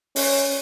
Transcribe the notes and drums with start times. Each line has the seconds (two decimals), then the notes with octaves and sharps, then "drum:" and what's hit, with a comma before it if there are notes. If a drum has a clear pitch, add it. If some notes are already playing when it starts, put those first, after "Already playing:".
0.16 C#4, drum: open hi-hat